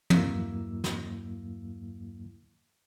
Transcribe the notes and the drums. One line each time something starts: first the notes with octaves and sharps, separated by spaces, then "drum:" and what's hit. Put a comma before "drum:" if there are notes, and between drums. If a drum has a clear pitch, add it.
E2 G2 F#3 A#3 E4 E6, drum: tom
drum: snare